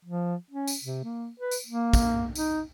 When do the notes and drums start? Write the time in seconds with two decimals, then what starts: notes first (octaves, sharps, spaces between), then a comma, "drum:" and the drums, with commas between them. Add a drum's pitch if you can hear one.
0.05 F3
0.51 C#4
0.67 drum: tambourine
0.84 C3
1.04 A#3
1.40 B4
1.51 drum: tambourine
1.66 A#3
1.93 drum: kick, tambourine
2.35 D#4, drum: tambourine